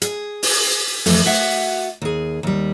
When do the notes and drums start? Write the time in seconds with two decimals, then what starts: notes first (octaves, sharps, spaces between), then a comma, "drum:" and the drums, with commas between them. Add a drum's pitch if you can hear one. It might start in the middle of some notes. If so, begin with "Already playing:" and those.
0.02 G#4, drum: hi-hat
0.43 drum: open hi-hat
1.06 F2 E3 A3, drum: open hi-hat
1.25 F#4 E5 F#5
2.02 D#2 G#4
2.43 D#2 G3